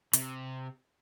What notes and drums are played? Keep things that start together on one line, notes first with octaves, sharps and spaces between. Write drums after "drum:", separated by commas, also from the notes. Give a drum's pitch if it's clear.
C3, drum: hi-hat